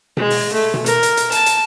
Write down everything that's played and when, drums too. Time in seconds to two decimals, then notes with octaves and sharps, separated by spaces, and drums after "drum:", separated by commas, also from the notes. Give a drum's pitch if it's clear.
0.17 G#3, drum: tom B2
0.30 drum: open hi-hat
0.53 A3
0.74 drum: tom B2
0.86 A#4, drum: hi-hat
1.03 drum: hi-hat
1.17 drum: hi-hat
1.32 A5, drum: hi-hat
1.46 drum: hi-hat